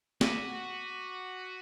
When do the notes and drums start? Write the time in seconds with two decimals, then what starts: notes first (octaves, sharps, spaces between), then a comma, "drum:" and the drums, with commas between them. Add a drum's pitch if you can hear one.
0.21 F#4 D6 B6 D#7, drum: snare